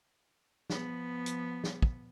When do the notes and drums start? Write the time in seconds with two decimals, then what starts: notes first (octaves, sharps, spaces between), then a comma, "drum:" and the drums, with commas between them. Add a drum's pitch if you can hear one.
0.70 F3 B3, drum: snare
1.26 drum: hi-hat
1.64 drum: snare
1.82 drum: kick